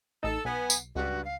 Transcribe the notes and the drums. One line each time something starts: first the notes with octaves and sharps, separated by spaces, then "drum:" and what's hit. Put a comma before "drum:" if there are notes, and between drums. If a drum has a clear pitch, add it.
A1 D#4 A4
B1 B3 G#5
drum: tambourine
C#2 G2 F#4
F5